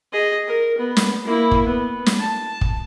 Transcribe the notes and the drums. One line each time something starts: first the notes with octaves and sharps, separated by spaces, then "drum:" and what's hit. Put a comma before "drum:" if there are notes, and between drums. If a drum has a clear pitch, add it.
G#4 D#5
A#4
B3
drum: snare
A#3 E4
drum: kick
B3
drum: snare
A5
drum: kick